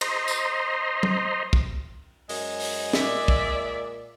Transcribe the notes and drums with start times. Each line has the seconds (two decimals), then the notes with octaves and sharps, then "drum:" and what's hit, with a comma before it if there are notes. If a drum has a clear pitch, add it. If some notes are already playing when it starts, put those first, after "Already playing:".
0.01 C5 D#5 A#5 C6, drum: cymbal
0.28 drum: tambourine
1.03 drum: tom
1.53 drum: kick
2.29 F#2 G#3, drum: open hi-hat
2.60 drum: open hi-hat
2.93 A#2 D5 E5, drum: snare
3.28 drum: kick